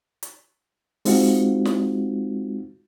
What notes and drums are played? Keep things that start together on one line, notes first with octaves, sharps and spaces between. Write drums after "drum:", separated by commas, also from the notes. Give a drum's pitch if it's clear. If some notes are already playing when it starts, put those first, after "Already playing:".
drum: hi-hat
G#3 C4 D#4 F4 F#4, drum: open hi-hat
drum: snare